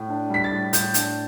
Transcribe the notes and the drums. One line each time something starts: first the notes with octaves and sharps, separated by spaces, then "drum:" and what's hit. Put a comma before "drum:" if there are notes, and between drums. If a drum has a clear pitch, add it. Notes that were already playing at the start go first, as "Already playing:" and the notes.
Already playing: A2
D4
G3 B6
A6
A2
A2 G6, drum: hi-hat
D4, drum: hi-hat